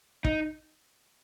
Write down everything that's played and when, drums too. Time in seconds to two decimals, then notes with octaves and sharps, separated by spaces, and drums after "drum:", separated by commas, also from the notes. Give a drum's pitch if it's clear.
0.25 D#4, drum: kick